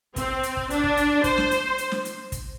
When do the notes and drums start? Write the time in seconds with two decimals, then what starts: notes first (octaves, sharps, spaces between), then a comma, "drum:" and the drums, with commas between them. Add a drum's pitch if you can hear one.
0.16 C4, drum: kick, hi-hat
0.43 drum: hi-hat
0.57 drum: kick
0.70 D4, drum: hi-hat
0.84 drum: kick
0.97 drum: hi-hat
1.24 C5, drum: kick, hi-hat
1.38 drum: snare
1.51 drum: hi-hat
1.78 drum: hi-hat
1.92 drum: snare
2.05 drum: hi-hat
2.32 drum: kick, hi-hat